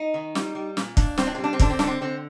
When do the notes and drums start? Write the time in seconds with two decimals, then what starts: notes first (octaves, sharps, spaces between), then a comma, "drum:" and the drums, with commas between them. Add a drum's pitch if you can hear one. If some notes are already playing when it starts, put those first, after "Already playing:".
Already playing: D#4
0.14 D#3
0.35 G3, drum: snare
0.55 G3
0.77 A#2, drum: snare
0.97 A#2 D4, drum: kick
1.18 A#2 C4, drum: snare
1.27 D4
1.35 G3 C4
1.44 D4
1.53 C4
1.60 D3 D4, drum: kick
1.70 C4
1.79 D3 D4, drum: snare
1.87 C4
2.01 D3 C4